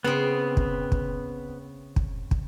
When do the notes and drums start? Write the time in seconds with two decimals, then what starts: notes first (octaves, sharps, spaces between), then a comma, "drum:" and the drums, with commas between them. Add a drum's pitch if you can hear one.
0.04 C#3 B3 C4
0.57 drum: kick
0.92 drum: kick
1.96 drum: kick
2.31 drum: kick